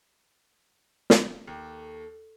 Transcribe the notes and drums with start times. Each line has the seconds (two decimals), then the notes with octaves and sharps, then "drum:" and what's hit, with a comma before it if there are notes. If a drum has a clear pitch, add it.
1.10 drum: snare
1.48 D#2 A4